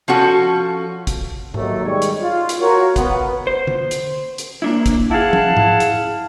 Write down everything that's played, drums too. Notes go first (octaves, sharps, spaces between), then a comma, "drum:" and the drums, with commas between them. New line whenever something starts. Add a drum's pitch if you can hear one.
F3 C#4 F#4 A4
drum: kick, hi-hat
D#2 B2 F#3 A3, drum: tom G#2
D#3 G3 G#3 C#5
drum: hi-hat
F4
drum: hi-hat
F4 F#4 A#4 C#5
B3, drum: kick, hi-hat
C5
drum: tom D3
drum: hi-hat
drum: hi-hat
A#3 D4 E4
drum: kick, hi-hat
E4 G#4 F5 F#5 A5
drum: tom F3
drum: tom G#2
drum: hi-hat